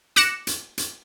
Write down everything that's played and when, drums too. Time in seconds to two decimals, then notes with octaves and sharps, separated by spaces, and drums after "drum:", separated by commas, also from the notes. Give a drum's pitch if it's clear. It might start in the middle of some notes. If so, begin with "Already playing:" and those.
0.16 D6 F#6 A#6 C#7 E7, drum: hi-hat
0.47 drum: hi-hat
0.78 drum: hi-hat